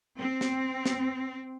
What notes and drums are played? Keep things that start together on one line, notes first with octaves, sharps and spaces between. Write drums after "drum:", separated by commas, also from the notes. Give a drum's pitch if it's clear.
C4
drum: snare
drum: snare